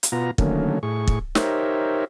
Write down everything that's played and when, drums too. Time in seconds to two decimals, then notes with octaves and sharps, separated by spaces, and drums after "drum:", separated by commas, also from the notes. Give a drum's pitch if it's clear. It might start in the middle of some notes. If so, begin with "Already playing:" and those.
0.03 drum: hi-hat
0.12 B2 B3 F4 A#5
0.38 D3 D#3 F#3 A3 A#3 C#4, drum: kick
0.83 A2 G#4 C#6
1.07 drum: kick
1.35 D#4 G4 A#4 C5 C#5 E5, drum: snare